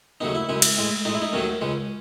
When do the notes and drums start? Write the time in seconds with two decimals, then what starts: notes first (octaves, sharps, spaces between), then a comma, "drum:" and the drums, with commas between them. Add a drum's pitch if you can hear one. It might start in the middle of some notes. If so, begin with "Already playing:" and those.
0.21 D#2 C#3 F#3 A3 D#4
0.35 E4
0.49 F#2 C#3 G#3 E4
0.62 drum: cymbal
0.77 A2 G#3
1.05 A2 G#3 D#4
1.14 E4
1.22 D#4
1.33 D#2 D#3 F#3 A3 C#4
1.61 C#2 C#3 G#3